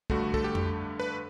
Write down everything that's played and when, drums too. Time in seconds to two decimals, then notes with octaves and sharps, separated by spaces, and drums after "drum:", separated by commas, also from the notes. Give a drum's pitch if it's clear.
0.10 G2 D3 A3 F#4, drum: kick
0.34 A4, drum: kick
0.44 G4
0.55 drum: tom F2
1.00 B4